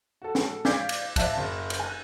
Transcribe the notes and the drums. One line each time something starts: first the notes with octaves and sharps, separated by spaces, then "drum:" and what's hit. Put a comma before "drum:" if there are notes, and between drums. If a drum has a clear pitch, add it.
F#4 A4
drum: snare
D5 F5 D6 G6 G#6 B6, drum: snare
drum: cymbal
C5 D5 E5 F5 A5 F#6, drum: kick C#2, cymbal
F#1
drum: cymbal
G#5 F#6